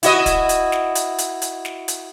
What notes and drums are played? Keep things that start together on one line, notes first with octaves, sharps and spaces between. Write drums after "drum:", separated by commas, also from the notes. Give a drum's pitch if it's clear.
E4 F#4 D#5, drum: hi-hat
drum: kick, hi-hat
drum: hi-hat
drum: snare
drum: hi-hat
drum: hi-hat
drum: hi-hat
drum: snare
drum: hi-hat